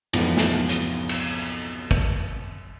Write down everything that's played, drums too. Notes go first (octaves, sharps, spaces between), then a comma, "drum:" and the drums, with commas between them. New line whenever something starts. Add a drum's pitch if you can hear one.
B1 F2 G#2 C#3 E3 B3, drum: cymbal
drum: snare
drum: hi-hat
drum: cymbal
drum: kick